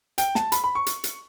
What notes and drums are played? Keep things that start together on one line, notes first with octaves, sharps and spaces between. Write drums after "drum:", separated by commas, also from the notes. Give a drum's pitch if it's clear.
G5, drum: hi-hat
A5, drum: snare
B5, drum: hi-hat
B5
C#6
drum: hi-hat
drum: hi-hat